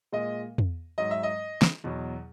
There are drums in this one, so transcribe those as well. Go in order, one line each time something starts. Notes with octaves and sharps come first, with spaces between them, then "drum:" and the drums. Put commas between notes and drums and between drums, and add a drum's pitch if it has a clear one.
A#2 G#3 D#5
drum: tom
G#2 F#3 D#5
E5
D#5
drum: snare
E2 B2 F#3